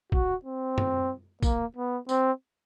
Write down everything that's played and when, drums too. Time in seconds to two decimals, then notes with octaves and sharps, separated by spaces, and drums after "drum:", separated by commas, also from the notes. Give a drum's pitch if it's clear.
0.12 F#4, drum: kick
0.45 C4
0.78 drum: tom F#2
1.43 A#3, drum: kick, tambourine
1.76 B3
2.09 C4, drum: tambourine